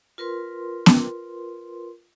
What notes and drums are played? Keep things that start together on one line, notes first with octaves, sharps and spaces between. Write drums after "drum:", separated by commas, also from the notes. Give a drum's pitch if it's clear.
F4 A#4 B4 C6
drum: snare B3